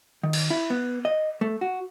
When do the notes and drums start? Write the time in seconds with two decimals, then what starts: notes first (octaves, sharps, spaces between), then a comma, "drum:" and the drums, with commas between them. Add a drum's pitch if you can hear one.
0.23 D#3
0.33 drum: cymbal
0.50 E4
0.70 B3
1.05 D#5
1.41 A3
1.61 F#4